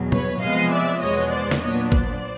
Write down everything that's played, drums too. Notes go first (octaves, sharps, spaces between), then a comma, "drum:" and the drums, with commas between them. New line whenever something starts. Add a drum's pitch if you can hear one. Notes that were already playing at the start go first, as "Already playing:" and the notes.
Already playing: E2 B2 F#3
B4 C#5, drum: tom
C3 F3 G#3 B3 D#5 F5
D5 E5
E2 B2 G#3 B3 C#5 D#5
C5 D5
drum: snare
A#2 F#3 B3 D4 C#5 D#5
C5 D5, drum: kick